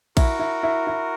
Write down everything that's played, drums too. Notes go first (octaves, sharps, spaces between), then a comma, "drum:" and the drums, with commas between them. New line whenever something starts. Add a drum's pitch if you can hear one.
E4 F#4 A#4, drum: kick A#1, cymbal
E4
E4
E4